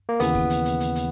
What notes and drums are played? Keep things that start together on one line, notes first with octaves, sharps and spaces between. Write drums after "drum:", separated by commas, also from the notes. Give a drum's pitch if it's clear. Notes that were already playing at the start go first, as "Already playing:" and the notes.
A#3
D#2 C#3 E3 B3, drum: hi-hat
drum: kick, open hi-hat
drum: hi-hat
drum: hi-hat
drum: hi-hat
drum: hi-hat